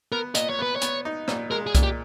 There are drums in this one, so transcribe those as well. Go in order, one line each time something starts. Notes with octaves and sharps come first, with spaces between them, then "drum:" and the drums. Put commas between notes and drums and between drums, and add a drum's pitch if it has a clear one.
B3 A#4
A#2 D#5, drum: hi-hat
C#5
B3 B4
C#5
B3, drum: hi-hat
D#4
A#2, drum: rim click
G#3 A#4
G#4
A#2, drum: kick C2, hi-hat
G4